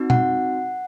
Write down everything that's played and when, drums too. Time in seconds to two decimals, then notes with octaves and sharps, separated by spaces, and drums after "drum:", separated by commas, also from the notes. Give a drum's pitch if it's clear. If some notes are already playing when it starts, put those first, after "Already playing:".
Already playing: C4 D#4 F#4
0.10 F#5, drum: tom B2